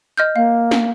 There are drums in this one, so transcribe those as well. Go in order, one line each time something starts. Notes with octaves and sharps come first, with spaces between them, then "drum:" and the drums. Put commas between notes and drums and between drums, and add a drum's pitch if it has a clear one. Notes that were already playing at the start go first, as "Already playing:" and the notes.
D#5 F6 G6
A#3 F5
drum: snare